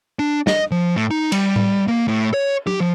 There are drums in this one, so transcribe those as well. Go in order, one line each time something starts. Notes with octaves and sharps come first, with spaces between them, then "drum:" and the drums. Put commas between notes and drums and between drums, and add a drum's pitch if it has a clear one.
D4
D#5, drum: snare
F3
A2
D#4
G3, drum: cymbal
drum: tom A2
A#3
A2
C#5
G4, drum: tom F#3
F3